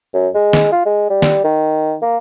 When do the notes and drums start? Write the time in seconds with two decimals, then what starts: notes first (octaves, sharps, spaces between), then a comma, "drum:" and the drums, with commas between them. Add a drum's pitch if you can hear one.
0.14 F#2
0.34 G#3
0.53 drum: snare
0.72 F4
0.86 G#3
1.10 G3
1.22 drum: snare
1.44 D#3
2.02 A#3